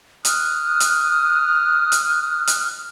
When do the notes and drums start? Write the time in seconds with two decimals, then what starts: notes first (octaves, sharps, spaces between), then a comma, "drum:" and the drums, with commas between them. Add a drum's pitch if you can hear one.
0.25 D#6 F6 F#6, drum: hi-hat
0.80 drum: hi-hat
1.92 drum: hi-hat
2.47 drum: hi-hat